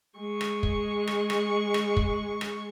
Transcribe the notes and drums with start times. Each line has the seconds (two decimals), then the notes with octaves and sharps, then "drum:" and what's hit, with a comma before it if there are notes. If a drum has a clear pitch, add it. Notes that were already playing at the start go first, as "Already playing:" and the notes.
0.18 G#3 C#6
0.41 drum: rim click
0.63 drum: kick
1.07 drum: rim click
1.30 drum: rim click
1.74 drum: rim click
1.97 drum: kick
2.41 drum: rim click